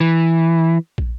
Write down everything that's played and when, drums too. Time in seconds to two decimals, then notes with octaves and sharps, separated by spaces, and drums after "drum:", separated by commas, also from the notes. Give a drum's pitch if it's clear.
0.01 E3
0.98 drum: kick